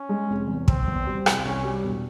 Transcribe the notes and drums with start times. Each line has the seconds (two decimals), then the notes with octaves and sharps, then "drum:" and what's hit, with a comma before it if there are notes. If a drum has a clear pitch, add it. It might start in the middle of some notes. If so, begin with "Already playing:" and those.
Already playing: C#4
0.09 G#3
0.30 F1
0.48 E2
0.68 F1 C4, drum: kick
0.88 E2
1.07 G3
1.26 C2, drum: rim click
1.45 C2 C#4
1.64 G3
1.84 E1